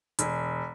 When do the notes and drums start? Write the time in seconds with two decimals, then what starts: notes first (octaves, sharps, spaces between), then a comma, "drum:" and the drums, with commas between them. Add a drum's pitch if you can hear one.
0.19 E1, drum: hi-hat